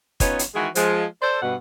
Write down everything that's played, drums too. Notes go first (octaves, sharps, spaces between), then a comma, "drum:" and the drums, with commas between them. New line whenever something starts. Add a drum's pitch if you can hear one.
B3 C#4 D#4 F4 B4 C#5, drum: kick, hi-hat
drum: hi-hat
D#3 E3 G#3 F#4 G#4
F3 G#3, drum: hi-hat
A4 C5 D5
G2 B2 F#5